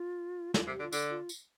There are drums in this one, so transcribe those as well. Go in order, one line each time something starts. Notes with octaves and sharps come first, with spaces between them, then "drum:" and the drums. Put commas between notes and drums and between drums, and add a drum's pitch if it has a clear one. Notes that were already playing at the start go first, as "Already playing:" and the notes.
Already playing: F4
D3 F4, drum: snare
C3
G4
D3
F4
D3, drum: tambourine
F4
drum: tambourine